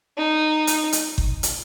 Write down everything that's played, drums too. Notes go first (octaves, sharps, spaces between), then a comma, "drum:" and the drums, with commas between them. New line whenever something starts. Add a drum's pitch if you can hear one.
D#4
drum: hi-hat
drum: hi-hat
drum: kick G1
drum: hi-hat